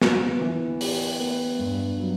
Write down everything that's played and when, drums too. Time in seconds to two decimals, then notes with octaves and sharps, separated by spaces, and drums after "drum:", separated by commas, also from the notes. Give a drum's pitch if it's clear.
0.01 B3, drum: snare
0.41 E3
0.81 G4, drum: open hi-hat
1.19 B3
1.59 G2
1.98 F#3